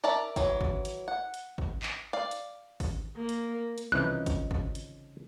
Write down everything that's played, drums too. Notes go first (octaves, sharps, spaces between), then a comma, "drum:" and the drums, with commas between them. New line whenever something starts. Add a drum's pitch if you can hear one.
A#4 D5 E5 A5 A#5
E3 F#3, drum: kick G#1, hi-hat
drum: kick G#1
drum: hi-hat
F#5
drum: hi-hat
drum: kick G#1
drum: clap
D5 F5
drum: hi-hat
drum: kick G#1, open hi-hat
A#3
drum: hi-hat
drum: hi-hat
C2 C#3 E3 F3 D#4 F#6
drum: kick G#1, hi-hat
drum: kick G#1
drum: hi-hat